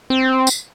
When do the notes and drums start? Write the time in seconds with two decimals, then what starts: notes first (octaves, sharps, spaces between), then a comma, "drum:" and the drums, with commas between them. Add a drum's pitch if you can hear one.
0.10 C4
0.47 drum: tambourine